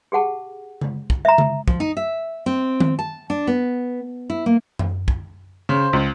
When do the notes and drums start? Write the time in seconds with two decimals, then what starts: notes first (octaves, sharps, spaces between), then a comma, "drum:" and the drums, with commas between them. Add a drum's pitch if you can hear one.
0.12 G4 G#4 F#5 A5
0.81 drum: tom C#3
1.10 drum: kick
1.25 E5 A#5
1.38 drum: tom C#3
1.68 F3, drum: kick
1.80 D#4
1.97 E5
2.46 C4
2.80 drum: tom D#3
2.99 A5
3.30 D4
3.47 B3
4.30 E4
4.46 A#3
4.79 drum: tom F#2
5.08 drum: kick
5.69 C#3 C5
5.93 C#2